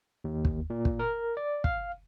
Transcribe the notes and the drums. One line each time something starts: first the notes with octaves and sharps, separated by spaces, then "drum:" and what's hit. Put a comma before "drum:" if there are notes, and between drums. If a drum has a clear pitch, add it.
D#2
drum: kick
A#2
drum: kick
A#4
D5
F5, drum: kick